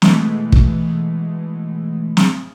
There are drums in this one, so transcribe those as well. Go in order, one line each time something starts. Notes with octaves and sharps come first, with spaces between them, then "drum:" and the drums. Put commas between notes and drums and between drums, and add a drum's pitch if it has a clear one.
B2 E3 G#3 A3, drum: snare
drum: kick
drum: snare